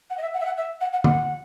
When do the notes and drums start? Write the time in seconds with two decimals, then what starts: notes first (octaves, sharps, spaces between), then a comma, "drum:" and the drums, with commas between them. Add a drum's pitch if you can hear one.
0.10 F#5
0.18 D#5
0.22 E5
0.34 F#5
0.40 E5
0.45 F#5
0.57 E5
0.81 F#5
0.93 F#5
1.04 F#5, drum: tom D3